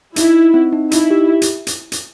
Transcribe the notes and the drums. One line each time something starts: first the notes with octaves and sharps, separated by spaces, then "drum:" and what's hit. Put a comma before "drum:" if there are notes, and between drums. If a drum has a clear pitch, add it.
D#4 E4, drum: hi-hat
D#4
C4
D#4
D#4 E4, drum: hi-hat
G4
drum: hi-hat
drum: hi-hat
drum: hi-hat